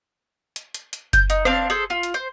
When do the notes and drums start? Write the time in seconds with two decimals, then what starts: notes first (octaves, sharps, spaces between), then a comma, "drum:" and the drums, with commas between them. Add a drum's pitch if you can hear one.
0.56 drum: hi-hat
0.74 drum: hi-hat
0.93 drum: hi-hat
1.13 G6, drum: kick F#1, hi-hat
1.30 D#4, drum: hi-hat
1.45 C4 D4 F5 A5, drum: rim click
1.70 G#4 A4 C5
1.90 F4
2.03 drum: hi-hat
2.14 C5